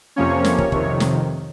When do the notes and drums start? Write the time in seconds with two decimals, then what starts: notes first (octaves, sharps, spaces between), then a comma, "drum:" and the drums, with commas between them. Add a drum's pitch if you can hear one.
0.16 F2 C3 F3 A#3 C#4 C#5
0.45 drum: snare
0.58 drum: kick
0.72 F2 C3 D#3, drum: kick
1.00 drum: snare